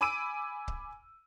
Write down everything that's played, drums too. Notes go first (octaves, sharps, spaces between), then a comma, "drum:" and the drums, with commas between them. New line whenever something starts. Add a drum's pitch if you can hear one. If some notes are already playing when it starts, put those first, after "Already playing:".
G#5 B5 D6 E6 D7 D#7
drum: kick C#1